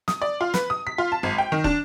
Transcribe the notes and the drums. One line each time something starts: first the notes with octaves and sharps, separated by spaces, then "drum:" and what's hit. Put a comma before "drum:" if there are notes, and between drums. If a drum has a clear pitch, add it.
D#6, drum: snare
D5
F4
B4, drum: snare
D#6
B6
F4
A5
G#1
G5
D#3
D4, drum: kick